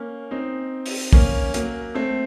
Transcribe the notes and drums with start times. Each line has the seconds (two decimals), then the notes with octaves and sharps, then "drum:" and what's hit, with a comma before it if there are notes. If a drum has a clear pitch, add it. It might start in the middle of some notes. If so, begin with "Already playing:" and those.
Already playing: A#3 C#4
0.31 C4 D#4
0.86 drum: open hi-hat
1.13 A#3 C#4, drum: kick
1.54 F#3 A#3, drum: hi-hat
1.94 A3 C4